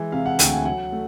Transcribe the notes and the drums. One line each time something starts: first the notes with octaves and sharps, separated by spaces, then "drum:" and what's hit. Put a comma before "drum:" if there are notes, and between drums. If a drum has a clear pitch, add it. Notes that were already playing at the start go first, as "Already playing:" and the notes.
Already playing: E3 G#3
C3 F5
F#5
D2 G5, drum: hi-hat
G#5
F#3 F#5
A3